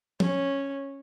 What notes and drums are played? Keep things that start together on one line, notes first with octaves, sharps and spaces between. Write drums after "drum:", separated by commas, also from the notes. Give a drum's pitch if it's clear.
C#4, drum: tom